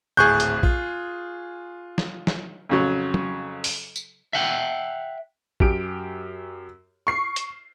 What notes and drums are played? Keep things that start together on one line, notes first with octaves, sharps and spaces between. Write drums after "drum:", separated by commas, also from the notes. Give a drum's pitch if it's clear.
D1 G#1 A2 G#4 C#6 F#6 G6
drum: hi-hat
F4, drum: kick A#1
drum: snare
drum: snare
F2 C#3 F#3
drum: tom
drum: open hi-hat
drum: tambourine
E5 F#5 G5
F#2 G4 D7, drum: kick A#1
C#6 C7
drum: hi-hat